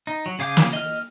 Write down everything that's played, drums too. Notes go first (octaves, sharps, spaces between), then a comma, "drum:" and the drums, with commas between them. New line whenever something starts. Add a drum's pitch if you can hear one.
D#4
F#3
C#3 G#4 F5 D6 G6
drum: snare
D#5 F6